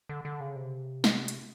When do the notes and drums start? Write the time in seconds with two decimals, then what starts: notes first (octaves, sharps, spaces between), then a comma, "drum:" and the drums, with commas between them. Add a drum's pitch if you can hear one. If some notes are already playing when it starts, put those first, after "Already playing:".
0.09 D3
0.25 D3
0.40 C#3
0.56 C3
1.04 drum: snare
1.28 drum: hi-hat